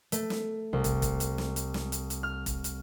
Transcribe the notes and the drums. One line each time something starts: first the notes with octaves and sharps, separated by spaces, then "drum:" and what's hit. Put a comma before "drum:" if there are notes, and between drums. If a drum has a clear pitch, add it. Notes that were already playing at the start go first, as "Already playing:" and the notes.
A3, drum: hi-hat
drum: snare
C2
drum: kick, hi-hat
drum: kick, hi-hat
drum: hi-hat
drum: snare
drum: hi-hat
drum: snare
drum: hi-hat
drum: hi-hat
F6
drum: kick, hi-hat
drum: hi-hat